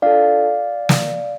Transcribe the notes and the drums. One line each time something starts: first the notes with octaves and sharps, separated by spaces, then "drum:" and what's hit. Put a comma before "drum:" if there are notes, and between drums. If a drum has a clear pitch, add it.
D4 F4 A4 D5 F5
drum: snare